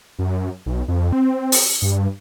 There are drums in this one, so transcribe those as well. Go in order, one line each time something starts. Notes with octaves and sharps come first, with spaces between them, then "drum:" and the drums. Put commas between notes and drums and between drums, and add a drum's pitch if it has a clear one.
F#2
B1
F2
C4
drum: open hi-hat
G2